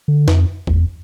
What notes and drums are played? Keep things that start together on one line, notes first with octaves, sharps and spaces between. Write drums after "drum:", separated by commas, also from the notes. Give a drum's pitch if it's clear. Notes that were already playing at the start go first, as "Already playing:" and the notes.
D3
F2, drum: snare D#4
E2, drum: kick